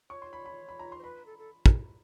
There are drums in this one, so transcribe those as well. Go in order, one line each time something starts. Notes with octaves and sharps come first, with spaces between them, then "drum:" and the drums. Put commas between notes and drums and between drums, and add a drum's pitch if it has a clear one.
C#5 C#6
C6
B5
B5
B5
A#5
C6
C5
B4 B5
A4
A4
drum: kick